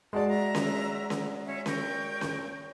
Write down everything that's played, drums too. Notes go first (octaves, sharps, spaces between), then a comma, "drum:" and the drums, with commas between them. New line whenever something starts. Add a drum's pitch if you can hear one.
G#3 F#4 D5 A5
E5 A#5
drum: snare C#4
drum: snare C#4
C#4 E5
A#4 G5 C#6, drum: snare C#4
drum: snare C#4